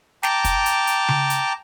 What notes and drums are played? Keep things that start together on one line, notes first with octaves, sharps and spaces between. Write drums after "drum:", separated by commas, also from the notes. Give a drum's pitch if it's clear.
G5 A5 A#5 D6, drum: snare
drum: kick, hi-hat
drum: hi-hat
drum: hi-hat
drum: tom C#3
drum: hi-hat